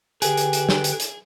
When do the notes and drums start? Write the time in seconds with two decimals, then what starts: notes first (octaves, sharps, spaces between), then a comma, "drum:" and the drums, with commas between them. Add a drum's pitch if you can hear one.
0.22 D3 G4 G#4 B4 G5, drum: hi-hat
0.37 drum: hi-hat
0.53 drum: hi-hat
0.69 drum: snare
0.84 drum: hi-hat
1.00 drum: hi-hat